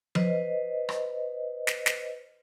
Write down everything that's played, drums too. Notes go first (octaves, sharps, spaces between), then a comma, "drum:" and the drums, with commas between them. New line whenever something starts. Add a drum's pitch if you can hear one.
B4 C5 D#5, drum: tom F3
drum: rim click
drum: snare
drum: snare